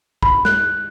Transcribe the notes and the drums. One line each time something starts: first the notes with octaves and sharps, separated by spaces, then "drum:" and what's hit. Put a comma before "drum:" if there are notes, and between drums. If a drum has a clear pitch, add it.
B5, drum: kick
F#6, drum: snare